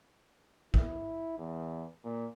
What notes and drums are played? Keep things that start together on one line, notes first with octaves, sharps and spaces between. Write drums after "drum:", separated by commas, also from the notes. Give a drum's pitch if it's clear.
E4, drum: kick
E2
A#2